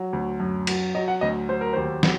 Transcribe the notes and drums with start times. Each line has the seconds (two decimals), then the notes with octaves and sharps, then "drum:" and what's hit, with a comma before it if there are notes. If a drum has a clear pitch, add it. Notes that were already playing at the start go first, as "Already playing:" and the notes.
Already playing: F#3
0.13 D2
0.40 F#2
0.67 F#3, drum: cymbal
0.95 F#3 D#5
1.08 F#5
1.21 D2 D#5
1.49 F#3 C5
1.61 A#4
1.73 D#2 C5
2.03 F#3, drum: snare